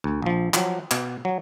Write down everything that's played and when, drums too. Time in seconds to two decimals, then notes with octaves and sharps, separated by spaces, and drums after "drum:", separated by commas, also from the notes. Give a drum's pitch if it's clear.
0.04 D2
0.22 A#1 F3
0.54 F3 F#3, drum: clap
0.91 B2, drum: clap
1.25 F#3